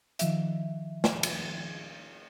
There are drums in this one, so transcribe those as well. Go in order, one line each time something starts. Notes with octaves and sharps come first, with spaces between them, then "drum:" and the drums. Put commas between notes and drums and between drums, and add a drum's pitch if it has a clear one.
D#3 F3 E5, drum: hi-hat
drum: snare
drum: cymbal